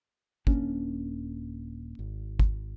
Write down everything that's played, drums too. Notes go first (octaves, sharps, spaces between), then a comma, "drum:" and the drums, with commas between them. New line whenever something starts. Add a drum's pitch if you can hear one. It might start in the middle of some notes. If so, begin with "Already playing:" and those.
D#1 A#3 C#4 D4, drum: kick
G#1
drum: kick